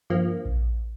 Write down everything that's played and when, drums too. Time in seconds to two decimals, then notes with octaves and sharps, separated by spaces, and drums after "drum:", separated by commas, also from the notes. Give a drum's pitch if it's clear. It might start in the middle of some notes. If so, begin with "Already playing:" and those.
0.10 G2 F3 A#3
0.45 drum: kick A#1